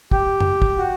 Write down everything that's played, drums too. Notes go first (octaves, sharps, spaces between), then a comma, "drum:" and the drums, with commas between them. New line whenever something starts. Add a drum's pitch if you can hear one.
G4, drum: kick
drum: tom F2
drum: kick
F#4